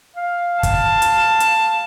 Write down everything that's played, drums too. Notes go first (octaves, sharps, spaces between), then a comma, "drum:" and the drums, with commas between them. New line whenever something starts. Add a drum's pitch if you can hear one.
F5
A5, drum: kick, hi-hat
drum: hi-hat
drum: hi-hat